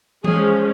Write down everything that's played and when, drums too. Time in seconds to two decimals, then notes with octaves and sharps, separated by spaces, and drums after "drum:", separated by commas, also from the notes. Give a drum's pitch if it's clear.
0.24 F3 G#3 C#4 G#4, drum: tom E3